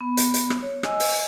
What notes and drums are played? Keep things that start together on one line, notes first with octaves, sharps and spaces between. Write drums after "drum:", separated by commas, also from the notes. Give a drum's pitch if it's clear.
B3
drum: hi-hat
drum: hi-hat
drum: rim click
C#5
D#5 G#5 E6, drum: rim click
drum: open hi-hat